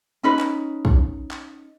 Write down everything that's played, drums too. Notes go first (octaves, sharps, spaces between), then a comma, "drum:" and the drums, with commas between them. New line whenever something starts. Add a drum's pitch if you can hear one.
C#4 D#4 B4
drum: clap
drum: kick
drum: clap